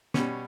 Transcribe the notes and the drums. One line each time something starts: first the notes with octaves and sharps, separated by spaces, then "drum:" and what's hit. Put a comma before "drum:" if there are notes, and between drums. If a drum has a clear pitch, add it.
B2 G3 C#4, drum: snare